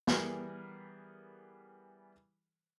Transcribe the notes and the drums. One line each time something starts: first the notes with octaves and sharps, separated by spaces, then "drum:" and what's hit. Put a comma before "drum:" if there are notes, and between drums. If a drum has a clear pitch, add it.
E3 G3 B3 G#4 A#4, drum: snare